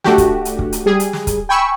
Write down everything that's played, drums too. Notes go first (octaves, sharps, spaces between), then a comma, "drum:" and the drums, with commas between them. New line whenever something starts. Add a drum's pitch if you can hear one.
A3 D4 F#4 G4, drum: snare
drum: kick, hi-hat
drum: hi-hat
drum: kick
drum: hi-hat
G3 G#4
drum: hi-hat
drum: snare
drum: kick, hi-hat
G5 G#5 B5 C#6 E6